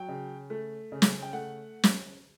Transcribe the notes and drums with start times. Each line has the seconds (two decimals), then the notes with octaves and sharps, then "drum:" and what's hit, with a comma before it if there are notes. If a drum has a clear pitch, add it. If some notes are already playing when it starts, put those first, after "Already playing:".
Already playing: F#3 G5
0.09 C#3
0.50 A3
0.92 C#3
1.02 drum: snare
1.23 G5
1.33 A3 F#5
1.84 drum: snare